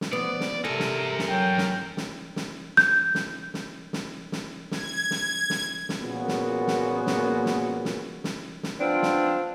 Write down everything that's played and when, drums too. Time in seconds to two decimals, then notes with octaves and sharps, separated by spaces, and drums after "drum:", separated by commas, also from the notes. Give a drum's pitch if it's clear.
0.01 drum: snare
0.13 F3 B3 D5
0.40 drum: snare
0.65 C3 A4 A#4 G#5
0.80 drum: snare
1.19 drum: snare
1.29 F#3 G5
1.58 drum: snare
1.97 drum: snare
2.36 drum: snare
2.77 G6, drum: snare
3.15 drum: snare
3.54 drum: snare
3.93 drum: snare
4.32 drum: snare
4.71 G#6, drum: snare
5.11 drum: snare
5.50 drum: snare
5.89 drum: snare
6.01 A#2 A#3 B3 C#4 F#4 G#4
6.28 drum: snare
6.67 drum: snare
7.07 drum: snare
7.46 drum: snare
7.85 drum: snare
8.24 drum: snare
8.63 drum: snare
8.80 B3 C4 D4 F4
9.03 drum: snare